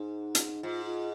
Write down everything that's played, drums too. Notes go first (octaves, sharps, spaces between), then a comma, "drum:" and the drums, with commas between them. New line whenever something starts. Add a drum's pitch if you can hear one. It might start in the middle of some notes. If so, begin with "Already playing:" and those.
Already playing: G#2 D#4
drum: hi-hat
G#2 F4
F4